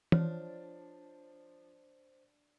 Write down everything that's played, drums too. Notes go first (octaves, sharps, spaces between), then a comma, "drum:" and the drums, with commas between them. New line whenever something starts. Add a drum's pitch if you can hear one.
F3 D4 C5 C#5 F6, drum: tom E3